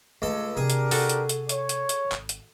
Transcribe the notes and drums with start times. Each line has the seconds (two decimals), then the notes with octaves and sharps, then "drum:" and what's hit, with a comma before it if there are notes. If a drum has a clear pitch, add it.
0.22 C#2 A3 A#3 A4
0.57 C3 D4 G4 G#4 A#4
0.70 drum: hi-hat
0.91 F#4 A4, drum: open hi-hat
1.09 drum: hi-hat
1.29 drum: hi-hat
1.49 C#5, drum: hi-hat
1.69 drum: hi-hat
1.89 drum: hi-hat
2.12 G#1, drum: clap
2.29 drum: hi-hat